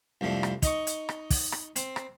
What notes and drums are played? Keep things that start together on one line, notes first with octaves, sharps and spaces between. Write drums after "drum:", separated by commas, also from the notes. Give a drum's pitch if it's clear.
C2 F2 F3 A3 D4
drum: rim click
D#4 D#5 C#6, drum: kick, hi-hat
drum: hi-hat
drum: rim click
drum: kick, open hi-hat
drum: rim click
C4, drum: hi-hat
drum: rim click